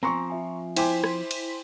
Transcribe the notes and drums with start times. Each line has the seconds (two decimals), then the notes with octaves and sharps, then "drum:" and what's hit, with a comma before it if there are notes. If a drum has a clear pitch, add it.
0.03 F3 C4 G#5 A#5 C6 C#6
0.30 F4 E5 G#5
0.77 E4 C5 G5 G#5 C6 D6 B6, drum: cymbal
1.04 drum: rim click
1.31 drum: cymbal